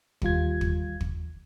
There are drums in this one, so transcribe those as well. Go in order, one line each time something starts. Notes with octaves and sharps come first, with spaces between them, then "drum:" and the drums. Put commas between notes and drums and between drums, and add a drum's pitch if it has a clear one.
D#2 G3 F4 G#6, drum: kick
drum: kick
drum: kick